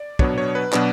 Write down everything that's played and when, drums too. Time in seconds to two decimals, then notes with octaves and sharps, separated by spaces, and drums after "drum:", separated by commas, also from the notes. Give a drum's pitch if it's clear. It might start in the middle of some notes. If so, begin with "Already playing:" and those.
Already playing: D5
0.19 B2 F#3 B3 D4 C#5, drum: kick
0.38 C#5
0.55 B4
0.73 B2 F#3 B3 D4, drum: clap